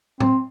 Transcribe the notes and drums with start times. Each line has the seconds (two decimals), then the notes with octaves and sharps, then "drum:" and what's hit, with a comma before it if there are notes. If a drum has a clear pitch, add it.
0.20 C4, drum: tom A2